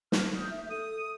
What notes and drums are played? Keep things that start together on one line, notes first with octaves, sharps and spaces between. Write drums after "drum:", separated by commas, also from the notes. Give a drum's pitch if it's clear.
F6, drum: snare
D#6 G6
E5
A4 D#6